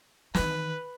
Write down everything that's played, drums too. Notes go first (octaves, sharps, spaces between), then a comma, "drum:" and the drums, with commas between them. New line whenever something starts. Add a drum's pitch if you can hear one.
D#3 E3 B4, drum: snare